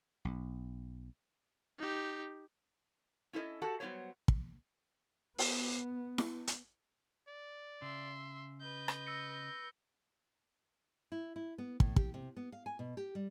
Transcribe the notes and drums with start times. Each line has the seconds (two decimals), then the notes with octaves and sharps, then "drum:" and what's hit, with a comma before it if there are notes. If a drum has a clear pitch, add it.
0.25 B1
1.78 D#4 G4
3.33 C#4 E4 A4 C5 D#5
3.62 F#4 G4 A4 F#5 A5
3.80 F#3 G3 B3 A4 C5 C#5
4.28 drum: kick
5.38 B3, drum: open hi-hat
6.18 drum: snare E4
6.47 drum: hi-hat
7.28 D5
7.82 C#3 E5 C6
8.61 B4 D#5 G6
8.88 drum: rim click
9.07 E6 A#6 C#7
11.12 E4
11.36 E4
11.58 B3
11.80 A2, drum: kick
11.96 G4, drum: kick
12.14 C3
12.37 B3
12.52 F5
12.66 G#5
12.79 B2
12.97 G4
13.15 G3